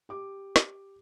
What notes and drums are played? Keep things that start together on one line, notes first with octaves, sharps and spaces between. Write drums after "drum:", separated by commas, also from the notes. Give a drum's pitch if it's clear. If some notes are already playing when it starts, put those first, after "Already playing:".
G4 D6
drum: snare